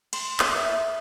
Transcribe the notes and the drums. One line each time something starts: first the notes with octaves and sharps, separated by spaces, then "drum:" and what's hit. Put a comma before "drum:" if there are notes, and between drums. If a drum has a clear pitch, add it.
C6, drum: cymbal
D#5, drum: clap
E5